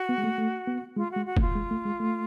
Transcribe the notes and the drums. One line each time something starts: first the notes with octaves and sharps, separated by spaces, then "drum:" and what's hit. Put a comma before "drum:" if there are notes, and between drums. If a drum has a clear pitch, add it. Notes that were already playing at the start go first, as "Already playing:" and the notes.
Already playing: F#4
B3
G#3
A3
A3
B3
G#3 F4
G#3 F#4
F#4
A3, drum: kick F1
F4
G#3
A3
G#3
A3